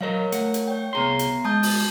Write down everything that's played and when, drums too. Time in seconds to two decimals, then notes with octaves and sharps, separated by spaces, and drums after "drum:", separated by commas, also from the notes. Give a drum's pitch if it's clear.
0.01 F#3 A#4 C#5 D#5 F5 A#5
0.32 A3 F#5, drum: hi-hat
0.54 drum: hi-hat
0.67 C#5 G5
0.93 C2 B3 G#4 A#5 C6 C7
1.19 drum: hi-hat
1.45 G#3 A5 D#6 G6
1.63 drum: open hi-hat